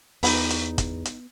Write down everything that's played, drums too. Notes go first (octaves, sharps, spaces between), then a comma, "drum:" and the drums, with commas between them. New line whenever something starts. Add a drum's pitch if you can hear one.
E2 B3 D#4 B5, drum: open hi-hat
drum: hi-hat
drum: kick, hi-hat
drum: hi-hat